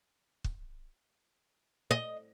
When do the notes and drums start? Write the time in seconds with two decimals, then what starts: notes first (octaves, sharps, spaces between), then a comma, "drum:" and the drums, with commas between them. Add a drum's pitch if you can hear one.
0.44 drum: kick
1.91 D#5